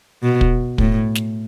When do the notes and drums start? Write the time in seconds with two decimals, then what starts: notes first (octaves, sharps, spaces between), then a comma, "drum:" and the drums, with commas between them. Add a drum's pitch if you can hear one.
0.23 B2
0.41 drum: kick
0.78 A2, drum: kick
1.15 drum: snare